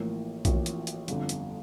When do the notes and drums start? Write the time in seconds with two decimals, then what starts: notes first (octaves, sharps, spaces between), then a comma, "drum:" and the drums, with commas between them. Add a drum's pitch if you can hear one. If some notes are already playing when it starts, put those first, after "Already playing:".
Already playing: A1 A2 F3 A#3
0.45 A1 A2 F3 A#3, drum: kick B1, hi-hat
0.66 drum: hi-hat
0.87 drum: hi-hat
1.08 G1 F2 D3, drum: hi-hat
1.29 drum: hi-hat